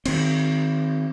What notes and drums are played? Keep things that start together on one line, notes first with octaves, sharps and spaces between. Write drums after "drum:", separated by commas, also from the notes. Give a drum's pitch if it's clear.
D#3 C4, drum: cymbal